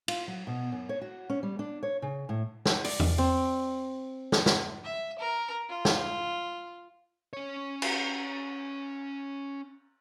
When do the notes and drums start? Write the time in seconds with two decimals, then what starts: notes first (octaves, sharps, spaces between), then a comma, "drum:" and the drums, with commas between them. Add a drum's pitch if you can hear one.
0.08 F4, drum: cymbal
0.28 F#3
0.47 B2
0.72 F#2
0.89 C#5
1.01 F#4
1.30 C#4
1.43 G3
1.59 D4
1.83 C#5
2.02 C#3
2.29 A2
2.66 drum: snare
2.84 D5, drum: open hi-hat
3.00 drum: tom E2
3.18 C4
4.32 drum: snare
4.46 drum: snare
4.84 E5
5.19 A#4
5.69 F4
5.85 drum: snare
7.33 C#4 C#5
7.82 drum: cymbal